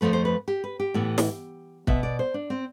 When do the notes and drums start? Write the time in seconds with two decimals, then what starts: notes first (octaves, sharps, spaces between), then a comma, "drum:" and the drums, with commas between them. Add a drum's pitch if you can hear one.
0.01 F2 C3 F3 A3 B4
0.13 C5
0.25 B4
0.48 G4
0.64 B4
0.80 G4
0.94 A2 E3 B3
1.18 drum: snare
1.87 B2 B3 E5, drum: kick
2.03 D5
2.19 C5
2.34 D4
2.50 C4